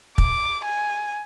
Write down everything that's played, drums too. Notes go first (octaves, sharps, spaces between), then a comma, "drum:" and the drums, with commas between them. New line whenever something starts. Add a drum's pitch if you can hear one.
D6, drum: kick
G#5